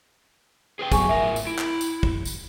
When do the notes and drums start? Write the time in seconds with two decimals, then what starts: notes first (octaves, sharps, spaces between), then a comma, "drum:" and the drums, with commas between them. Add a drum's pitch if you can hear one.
0.79 G#4 B4 G5
0.92 F#3 B3 G#4 G#5 C#6, drum: kick, tambourine
1.09 A2 A#4 E5
1.36 drum: tambourine
1.47 E4 D7
1.58 drum: clap
1.81 drum: tambourine
2.03 drum: kick
2.25 drum: tambourine